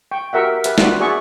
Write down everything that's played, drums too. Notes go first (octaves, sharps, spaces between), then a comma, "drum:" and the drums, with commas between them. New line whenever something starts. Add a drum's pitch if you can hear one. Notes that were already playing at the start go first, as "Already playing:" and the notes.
G5 C#6
F#4 G4 A#4 E5 F#5
G4 B4 E5, drum: hi-hat
D4 F4 F#4 B4, drum: snare
F#4 G#4 D5 E5 C#6